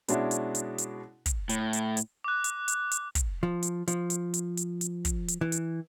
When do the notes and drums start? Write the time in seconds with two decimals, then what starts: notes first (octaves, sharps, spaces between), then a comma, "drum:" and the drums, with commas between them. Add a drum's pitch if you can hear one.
0.08 B2 G#3 C#4 D4 E4 F#4, drum: hi-hat
0.31 drum: hi-hat
0.55 drum: hi-hat
0.78 drum: hi-hat
1.26 drum: kick, hi-hat
1.49 A2, drum: hi-hat
1.73 drum: hi-hat
1.97 drum: hi-hat
2.24 D6 F#6
2.44 drum: hi-hat
2.68 drum: hi-hat
2.91 drum: hi-hat
3.15 drum: kick, hi-hat
3.43 F3
3.63 drum: hi-hat
3.88 F3, drum: hi-hat
4.10 drum: hi-hat
4.34 drum: hi-hat
4.57 drum: hi-hat
4.81 drum: hi-hat
5.05 drum: kick, hi-hat
5.28 drum: hi-hat
5.41 E3
5.52 drum: hi-hat